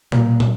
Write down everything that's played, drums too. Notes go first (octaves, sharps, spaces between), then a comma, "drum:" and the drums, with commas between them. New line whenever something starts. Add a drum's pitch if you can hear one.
A#2, drum: tom B2
drum: tom